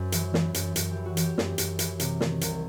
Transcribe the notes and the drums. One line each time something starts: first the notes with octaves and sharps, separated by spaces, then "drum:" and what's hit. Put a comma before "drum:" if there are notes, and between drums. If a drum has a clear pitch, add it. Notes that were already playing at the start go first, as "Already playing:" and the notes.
Already playing: F#2 C5
E3, drum: hi-hat
E3, drum: snare
F#2, drum: hi-hat
F#2, drum: hi-hat
E3 G4
F#4
E3 G4, drum: hi-hat
F#2, drum: snare
F#2, drum: hi-hat
E3, drum: hi-hat
C3, drum: hi-hat
D#3, drum: snare
C2, drum: hi-hat